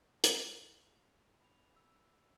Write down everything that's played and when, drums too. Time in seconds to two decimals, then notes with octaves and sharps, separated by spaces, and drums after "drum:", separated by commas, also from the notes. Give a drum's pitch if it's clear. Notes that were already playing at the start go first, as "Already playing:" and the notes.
0.24 F7, drum: hi-hat
1.40 B5 F7
1.76 E6